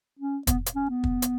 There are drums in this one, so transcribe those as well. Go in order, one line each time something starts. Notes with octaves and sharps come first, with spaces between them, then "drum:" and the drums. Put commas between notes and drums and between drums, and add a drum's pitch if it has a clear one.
C#4
B3, drum: kick, hi-hat
drum: hi-hat
C#4
B3
drum: kick
drum: hi-hat